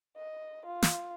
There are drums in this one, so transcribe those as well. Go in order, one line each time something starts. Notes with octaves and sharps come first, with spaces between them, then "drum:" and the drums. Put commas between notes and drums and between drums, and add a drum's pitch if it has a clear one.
D#5
F4
drum: snare